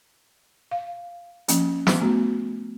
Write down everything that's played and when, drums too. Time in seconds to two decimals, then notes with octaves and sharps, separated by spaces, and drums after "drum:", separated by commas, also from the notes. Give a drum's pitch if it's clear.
0.71 F5
1.48 F3 A#3 C#4, drum: hi-hat
1.87 drum: snare
2.00 A3 B3 F#4